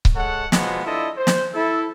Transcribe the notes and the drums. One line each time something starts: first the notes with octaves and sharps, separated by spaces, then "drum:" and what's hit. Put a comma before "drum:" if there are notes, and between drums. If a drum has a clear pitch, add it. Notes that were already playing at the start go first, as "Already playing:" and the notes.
drum: kick C#1
G#3 A4 C#5 F#5
B2 F3 F#3 G#3 B3, drum: snare
D4 E4 F4 A4 D#5
C5
drum: snare
E4 A4